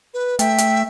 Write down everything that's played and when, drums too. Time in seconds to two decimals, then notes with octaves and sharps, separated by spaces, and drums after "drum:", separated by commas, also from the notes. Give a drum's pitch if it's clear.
0.14 B4
0.39 A3 E5 G5, drum: hi-hat
0.58 drum: hi-hat